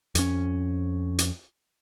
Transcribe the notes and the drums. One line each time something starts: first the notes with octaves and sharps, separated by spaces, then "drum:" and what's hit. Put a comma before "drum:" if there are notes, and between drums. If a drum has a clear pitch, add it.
F2 C#4, drum: hi-hat
drum: hi-hat